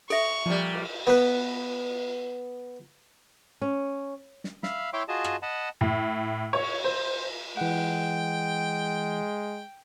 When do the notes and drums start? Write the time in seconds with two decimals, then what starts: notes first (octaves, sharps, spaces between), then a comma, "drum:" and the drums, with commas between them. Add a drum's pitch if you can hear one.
0.10 A4 E5 C#6, drum: cymbal
0.46 A#2 F3 G3
0.74 drum: cymbal
1.07 B3 B4
3.61 C#4
4.44 drum: snare
4.63 E5 F5 B5, drum: snare
4.93 E4 C#5 E5 G5 C6 D6
5.08 F4 F#4 G#4 D#5 A5
5.24 drum: rim click
5.42 D#5 F#5 A5 B5
5.81 A2
6.53 C#5, drum: cymbal
6.84 C5
7.57 E3 G#3 F#5 G5